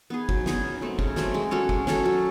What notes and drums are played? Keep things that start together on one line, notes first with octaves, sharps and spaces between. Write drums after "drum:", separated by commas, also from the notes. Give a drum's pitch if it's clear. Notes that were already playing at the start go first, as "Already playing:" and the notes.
B3 D#4 G#4
F#3, drum: kick F#1
B3 D#4 G#4, drum: snare
C#3
F#3 A3 C4
C#3, drum: kick F#1
F#3 A3 C4, drum: snare
G#3
C#4 F#4 A4
G#3, drum: kick F#1
C#4 F#4 A4, drum: snare
F#3